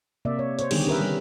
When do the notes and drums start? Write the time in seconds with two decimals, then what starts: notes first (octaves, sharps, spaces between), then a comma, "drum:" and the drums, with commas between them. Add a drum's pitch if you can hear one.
0.25 C3 A#3 D5 E5
0.39 C#5
0.59 C5 C#5, drum: hi-hat
0.71 D3 D#3 G3 B3 G4 G#4, drum: cymbal
0.87 C#4 A#4 B4 E5
1.01 G3